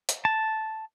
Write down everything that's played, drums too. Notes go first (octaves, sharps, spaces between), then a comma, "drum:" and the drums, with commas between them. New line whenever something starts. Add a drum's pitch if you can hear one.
drum: hi-hat
A5